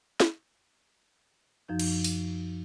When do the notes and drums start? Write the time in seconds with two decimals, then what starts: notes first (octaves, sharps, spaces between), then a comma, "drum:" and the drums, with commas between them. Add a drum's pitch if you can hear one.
0.20 drum: snare
1.68 F#2 F3 D#4 G6
1.80 drum: cymbal
2.04 drum: open hi-hat